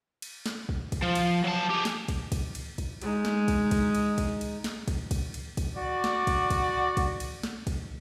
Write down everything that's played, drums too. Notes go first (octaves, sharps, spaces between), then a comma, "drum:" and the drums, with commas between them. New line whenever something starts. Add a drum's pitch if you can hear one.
drum: cymbal
drum: snare
drum: kick
drum: kick, cymbal
F3
drum: cymbal
F#3 A5
G4 G#4
drum: snare
drum: kick, cymbal
drum: kick, cymbal
drum: cymbal
drum: kick, cymbal
G#3 D#4, drum: cymbal
drum: snare
drum: kick, cymbal
drum: kick, cymbal
drum: cymbal
drum: kick, cymbal
drum: cymbal
drum: snare
drum: kick, cymbal
drum: kick, cymbal
drum: cymbal
drum: kick, cymbal
F#4 D5
drum: snare
drum: kick, cymbal
drum: kick, cymbal
drum: kick, cymbal
drum: cymbal
drum: snare
drum: kick, cymbal